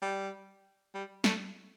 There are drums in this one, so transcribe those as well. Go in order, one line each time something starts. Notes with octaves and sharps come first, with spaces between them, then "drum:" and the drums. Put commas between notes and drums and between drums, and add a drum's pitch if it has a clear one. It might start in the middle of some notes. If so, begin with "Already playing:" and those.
G3
G3
A3, drum: snare